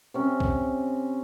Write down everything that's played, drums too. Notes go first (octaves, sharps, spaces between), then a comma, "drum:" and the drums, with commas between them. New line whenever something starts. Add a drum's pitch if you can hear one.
C3 C#4
drum: kick B1